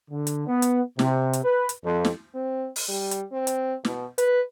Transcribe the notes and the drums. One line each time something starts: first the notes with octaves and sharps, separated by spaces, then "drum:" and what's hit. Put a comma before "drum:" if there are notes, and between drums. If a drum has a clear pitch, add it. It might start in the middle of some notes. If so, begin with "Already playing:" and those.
D3
drum: hi-hat
B3
drum: hi-hat
C3, drum: snare
drum: hi-hat
B4
drum: hi-hat
F2
drum: snare
C4
drum: open hi-hat
G3
drum: hi-hat
C4
drum: hi-hat
B2, drum: snare
B4, drum: hi-hat